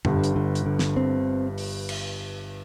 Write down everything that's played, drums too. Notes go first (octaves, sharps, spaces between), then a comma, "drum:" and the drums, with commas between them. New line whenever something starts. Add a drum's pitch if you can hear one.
G1 G2 D3, drum: tom F#2
drum: hi-hat
D3
drum: hi-hat
D3
drum: snare
C4
drum: open hi-hat
drum: cymbal